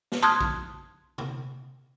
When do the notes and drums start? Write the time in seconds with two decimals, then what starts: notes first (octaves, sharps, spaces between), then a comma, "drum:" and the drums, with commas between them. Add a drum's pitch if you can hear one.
0.12 drum: snare
0.23 A5 C6 D#6 F6 F#6 G#6
0.41 drum: kick A#1
1.18 drum: tom C3